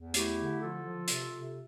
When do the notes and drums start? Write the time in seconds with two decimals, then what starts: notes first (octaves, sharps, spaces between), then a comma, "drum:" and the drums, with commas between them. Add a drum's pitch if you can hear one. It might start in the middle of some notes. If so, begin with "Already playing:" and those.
Already playing: E2
0.14 A3 E4 G4, drum: hi-hat
0.38 D3
0.61 F3 F4 A4
0.84 F3
1.08 C3, drum: hi-hat
1.32 C3